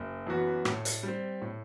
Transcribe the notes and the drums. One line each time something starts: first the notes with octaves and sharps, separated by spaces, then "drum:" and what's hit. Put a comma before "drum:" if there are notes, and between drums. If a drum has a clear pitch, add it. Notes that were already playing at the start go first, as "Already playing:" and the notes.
Already playing: F#1
F#2 E3 B3 F#4
A2, drum: rim click
drum: hi-hat
G3 C4
A2